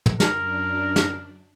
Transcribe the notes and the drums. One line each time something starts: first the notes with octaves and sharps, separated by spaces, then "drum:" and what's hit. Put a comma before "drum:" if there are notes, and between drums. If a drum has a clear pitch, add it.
drum: tom
F#2 D4 A#4, drum: snare
drum: snare